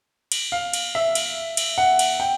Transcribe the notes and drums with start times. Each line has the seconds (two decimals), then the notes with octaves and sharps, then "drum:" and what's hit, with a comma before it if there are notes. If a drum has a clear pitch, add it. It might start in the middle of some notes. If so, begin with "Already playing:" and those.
0.32 drum: cymbal
0.52 F5
0.73 drum: cymbal
0.95 E5
1.15 drum: cymbal
1.57 drum: cymbal
1.78 F#5
1.99 drum: cymbal
2.20 G5